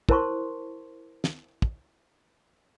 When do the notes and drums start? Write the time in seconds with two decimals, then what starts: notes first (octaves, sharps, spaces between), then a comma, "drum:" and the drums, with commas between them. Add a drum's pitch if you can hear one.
0.09 E4 A#4 C5 A5 C6 C#6, drum: kick
1.24 drum: snare
1.62 drum: kick